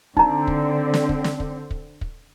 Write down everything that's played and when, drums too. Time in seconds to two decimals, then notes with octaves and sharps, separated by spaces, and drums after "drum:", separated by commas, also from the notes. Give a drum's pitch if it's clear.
0.17 D3 C4 D#4 A#5, drum: kick
0.47 drum: kick
0.94 drum: snare
1.09 drum: kick
1.24 drum: snare
1.40 drum: kick
1.71 drum: kick
2.01 drum: kick